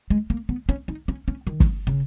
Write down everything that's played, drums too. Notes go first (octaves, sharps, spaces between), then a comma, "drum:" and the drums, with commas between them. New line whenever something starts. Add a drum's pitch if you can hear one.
G#3
A#3
B3
C#4
D#4
C#4
C#4
D#3
drum: kick
C#3